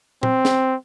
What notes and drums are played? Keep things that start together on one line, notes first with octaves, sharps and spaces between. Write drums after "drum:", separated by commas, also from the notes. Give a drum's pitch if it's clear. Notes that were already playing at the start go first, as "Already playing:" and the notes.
C4, drum: tom A#2
drum: snare